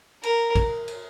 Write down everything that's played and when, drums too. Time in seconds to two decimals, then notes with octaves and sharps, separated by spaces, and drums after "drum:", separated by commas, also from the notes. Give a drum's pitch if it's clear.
0.23 A#4, drum: cymbal
0.55 drum: kick, cymbal
0.88 drum: cymbal